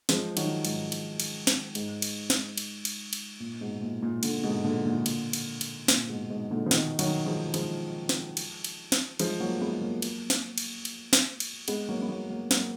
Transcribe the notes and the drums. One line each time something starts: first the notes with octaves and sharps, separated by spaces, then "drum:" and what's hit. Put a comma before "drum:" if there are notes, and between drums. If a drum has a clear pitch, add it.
F3 G#3, drum: snare
D#3 F#3, drum: cymbal
G#2, drum: cymbal
drum: cymbal
drum: cymbal
drum: snare
G#2, drum: cymbal
drum: cymbal
drum: snare
drum: cymbal
drum: cymbal
drum: cymbal
A#2
G#2 B2
A#2
A#2
A#2 D3, drum: cymbal
G#2 B2
A#2 D3
A#2 D3
drum: cymbal
drum: cymbal
drum: cymbal
A#2, drum: snare
G#2 B2
G#2 B2
A#2 D3
F3
B2 D#3, drum: snare
D#3 F#3, drum: cymbal
F3 G#3
F3 G#3, drum: cymbal
drum: snare
drum: cymbal
drum: cymbal
drum: snare
F3 G#3, drum: cymbal
F#3 A#3
G#3 B3
F#3 A#3
drum: cymbal
drum: snare
drum: cymbal
drum: cymbal
drum: snare
drum: cymbal
G#3 B3, drum: cymbal
F#3 A#3
B3
F#3 A#3
F#3 A#3
F#3 A#3, drum: snare